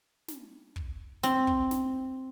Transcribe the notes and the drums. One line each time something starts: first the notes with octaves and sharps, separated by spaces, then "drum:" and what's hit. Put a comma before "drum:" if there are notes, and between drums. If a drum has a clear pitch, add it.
drum: snare
drum: kick
C4, drum: snare
drum: kick
drum: snare